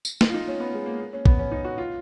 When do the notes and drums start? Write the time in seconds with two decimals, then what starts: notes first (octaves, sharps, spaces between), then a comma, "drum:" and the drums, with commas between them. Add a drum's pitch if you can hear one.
0.05 drum: tambourine
0.21 D#4, drum: snare
0.30 F4
0.34 D#4
0.48 C#4
0.60 B3
0.74 G#3
0.86 A#3
1.00 A#3
1.13 C#4
1.26 B3, drum: kick
1.39 C#4
1.51 D#4
1.64 F#4
1.78 F4